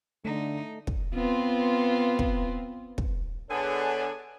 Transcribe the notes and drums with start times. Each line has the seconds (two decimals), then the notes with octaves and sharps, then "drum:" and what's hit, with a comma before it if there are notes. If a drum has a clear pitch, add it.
0.25 D3 A3 D#4
0.87 drum: kick
1.14 B3 C4 F4
2.19 drum: kick
2.98 drum: kick
3.51 D3 B3 D4 G#4 A4 C#5 G#5